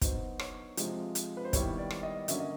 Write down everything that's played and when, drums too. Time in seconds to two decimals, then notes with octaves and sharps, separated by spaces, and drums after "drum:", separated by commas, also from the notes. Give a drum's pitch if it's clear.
0.02 F#3 B3 D#4 C5, drum: kick, hi-hat
0.39 C#5, drum: rim click
0.77 C3 F3 G#3, drum: hi-hat
1.15 drum: hi-hat
1.37 B4
1.45 C5
1.53 D#3 G3 B3 E4 C#5, drum: kick, hi-hat
1.78 D5
1.90 drum: rim click
2.03 D#5
2.28 D3 F#3 A#3 C#4 E5, drum: hi-hat
2.40 D#5